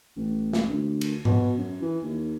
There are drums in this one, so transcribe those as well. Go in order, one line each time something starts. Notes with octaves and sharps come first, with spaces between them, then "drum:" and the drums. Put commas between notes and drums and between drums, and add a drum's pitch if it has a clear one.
A1
drum: snare
D2
drum: cymbal
B2, drum: tom G#2
F#2
E3
D#2